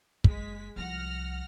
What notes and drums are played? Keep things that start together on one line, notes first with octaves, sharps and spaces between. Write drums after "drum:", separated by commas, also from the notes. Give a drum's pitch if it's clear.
F#1 G#3 B6, drum: kick
C2 F3 F#5 F6 A#6